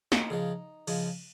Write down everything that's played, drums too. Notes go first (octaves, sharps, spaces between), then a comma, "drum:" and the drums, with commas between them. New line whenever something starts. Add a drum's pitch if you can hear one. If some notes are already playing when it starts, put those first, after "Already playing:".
D#4, drum: snare
C#3 F3 G#3
C#3 F3 G#3, drum: cymbal